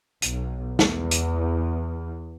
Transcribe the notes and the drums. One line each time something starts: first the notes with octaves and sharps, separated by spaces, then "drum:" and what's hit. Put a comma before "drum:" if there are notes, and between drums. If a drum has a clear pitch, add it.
B1, drum: hi-hat
E2, drum: snare
drum: hi-hat